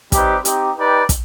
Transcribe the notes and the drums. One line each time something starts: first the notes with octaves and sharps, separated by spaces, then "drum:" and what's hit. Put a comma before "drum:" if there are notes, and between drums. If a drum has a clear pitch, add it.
G3 C4 D#4 G4 B4, drum: kick, hi-hat
C4 D#4 G4, drum: hi-hat
D#4 G4 B4 D5 G5
drum: kick, hi-hat